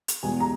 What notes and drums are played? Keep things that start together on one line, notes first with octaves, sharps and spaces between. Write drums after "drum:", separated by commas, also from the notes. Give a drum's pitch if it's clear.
drum: hi-hat
E2 B2 G#3 G#5
A#5